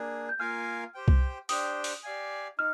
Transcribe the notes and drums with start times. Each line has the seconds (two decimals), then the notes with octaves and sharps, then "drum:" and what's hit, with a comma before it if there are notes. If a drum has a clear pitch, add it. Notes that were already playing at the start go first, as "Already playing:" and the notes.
Already playing: A#3 D4 G#4
0.29 G6
0.39 A#3 F4 A#4 F5 G#5 F6
0.94 G4 C5 G5
1.08 drum: kick C2
1.49 D4 G4 C5 G5 D#6, drum: open hi-hat
1.84 drum: open hi-hat
2.03 G4 D5 F5 G#5
2.59 D#4 F6